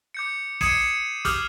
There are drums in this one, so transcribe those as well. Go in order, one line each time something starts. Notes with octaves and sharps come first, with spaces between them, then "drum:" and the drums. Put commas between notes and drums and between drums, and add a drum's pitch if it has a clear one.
D6 G6 C#7
D#6 G#6 C7 C#7 D#7 E7, drum: kick, open hi-hat
D6 D#6 F6 G6 F#7, drum: kick, hi-hat